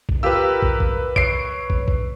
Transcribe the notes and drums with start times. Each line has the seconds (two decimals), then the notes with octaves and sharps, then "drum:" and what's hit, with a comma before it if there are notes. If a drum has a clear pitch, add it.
0.09 drum: kick
0.23 F4 G4 A#4 B4 E6
0.62 drum: kick
0.80 drum: kick
1.16 C#5 C7 D7, drum: kick
1.70 drum: kick
1.88 drum: kick